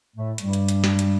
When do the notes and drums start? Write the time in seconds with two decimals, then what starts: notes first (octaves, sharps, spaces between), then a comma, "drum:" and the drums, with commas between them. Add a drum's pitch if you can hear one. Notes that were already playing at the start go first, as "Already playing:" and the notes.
0.15 A2 A3
0.38 G2 G3, drum: hi-hat
0.53 drum: hi-hat
0.69 drum: hi-hat
0.84 drum: snare
0.99 drum: hi-hat